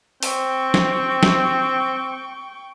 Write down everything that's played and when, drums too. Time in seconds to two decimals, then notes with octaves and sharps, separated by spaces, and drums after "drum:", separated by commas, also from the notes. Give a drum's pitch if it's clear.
0.23 C4 G5 C#6, drum: open hi-hat
0.74 drum: snare
1.23 drum: snare